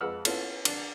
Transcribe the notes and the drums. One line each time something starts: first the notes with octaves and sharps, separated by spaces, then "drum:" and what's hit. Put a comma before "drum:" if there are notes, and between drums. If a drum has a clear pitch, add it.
F2 G#3 B4 F#5 E6 F6
B3 C#4 E4 F4 A4, drum: cymbal
D4, drum: cymbal